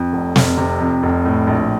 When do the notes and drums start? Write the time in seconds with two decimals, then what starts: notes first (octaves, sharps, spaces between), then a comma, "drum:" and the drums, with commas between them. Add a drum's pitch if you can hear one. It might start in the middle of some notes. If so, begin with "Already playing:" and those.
Already playing: F2
0.13 F1
0.36 F1, drum: snare
0.58 C3
0.80 F2
1.03 F1
1.25 A2
1.47 A#1